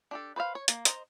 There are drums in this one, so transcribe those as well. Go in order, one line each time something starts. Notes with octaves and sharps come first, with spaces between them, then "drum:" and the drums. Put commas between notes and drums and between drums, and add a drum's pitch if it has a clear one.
D4 G4 A4
B4 C5 D5 F5
C#5
A#3, drum: hi-hat
C5 D#5 A#5, drum: hi-hat